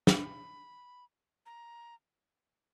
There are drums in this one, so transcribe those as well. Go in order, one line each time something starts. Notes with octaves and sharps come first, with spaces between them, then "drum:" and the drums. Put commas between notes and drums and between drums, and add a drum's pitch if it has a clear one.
B5, drum: snare
A#5